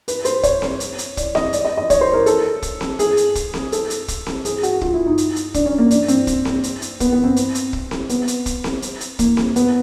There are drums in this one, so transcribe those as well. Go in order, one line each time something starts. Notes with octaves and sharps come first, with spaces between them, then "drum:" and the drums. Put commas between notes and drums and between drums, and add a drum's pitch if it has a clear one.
B4, drum: hi-hat
C5, drum: hi-hat
C#5, drum: kick, hi-hat
drum: snare C4
drum: hi-hat
drum: hi-hat
D5, drum: kick, hi-hat
D#5, drum: snare C4
D5, drum: hi-hat
D#5
D#5
C#5, drum: kick, hi-hat
C5
A#4
A4, drum: hi-hat
drum: kick, hi-hat
drum: snare C4
G#4, drum: hi-hat
drum: hi-hat
drum: kick, hi-hat
drum: snare C4
A4, drum: hi-hat
drum: hi-hat
drum: kick, hi-hat
drum: snare C4
G#4, drum: hi-hat
F#4, drum: hi-hat
F4, drum: kick
E4
D#4
drum: hi-hat
drum: hi-hat
D4, drum: kick, hi-hat
C#4
A#3
D4, drum: hi-hat
C4, drum: hi-hat
drum: kick, hi-hat
drum: snare C4
drum: hi-hat
drum: hi-hat
B3, drum: kick, hi-hat
B3
C4
drum: hi-hat
drum: hi-hat
drum: kick
drum: snare C4
B3, drum: hi-hat
drum: hi-hat
drum: kick, hi-hat
drum: snare C4
drum: hi-hat
drum: hi-hat
A#3, drum: kick, hi-hat
drum: snare C4
B3, drum: hi-hat